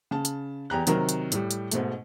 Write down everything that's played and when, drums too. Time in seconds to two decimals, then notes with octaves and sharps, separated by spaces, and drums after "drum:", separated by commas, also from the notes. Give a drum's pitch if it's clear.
0.11 C#3 A5
0.25 drum: hi-hat
0.70 E2 G4 A#5 F#6
0.87 C3 D#3 F#3 A#4 A#5, drum: hi-hat
1.09 drum: hi-hat
1.32 A2 G3, drum: hi-hat
1.51 drum: hi-hat
1.72 G#2 B2 A3, drum: hi-hat